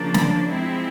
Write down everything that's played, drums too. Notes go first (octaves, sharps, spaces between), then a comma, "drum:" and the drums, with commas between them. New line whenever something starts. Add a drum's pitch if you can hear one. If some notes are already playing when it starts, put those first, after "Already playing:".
Already playing: C#3 F3 A#3 D4
drum: snare
F3 G#3 C4 E4